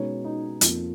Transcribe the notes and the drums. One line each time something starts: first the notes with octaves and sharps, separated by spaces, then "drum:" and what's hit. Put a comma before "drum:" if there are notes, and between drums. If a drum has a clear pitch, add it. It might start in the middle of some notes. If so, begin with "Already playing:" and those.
Already playing: B2 G#3 B3 C#4 D#4 C#5
D#4 D#5
F2 F3 A#3 D#4, drum: hi-hat